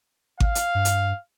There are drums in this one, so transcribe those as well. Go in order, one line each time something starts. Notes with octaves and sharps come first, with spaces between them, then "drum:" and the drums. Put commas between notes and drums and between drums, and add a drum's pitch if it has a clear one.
F5, drum: kick G#1
drum: hi-hat
G2
drum: hi-hat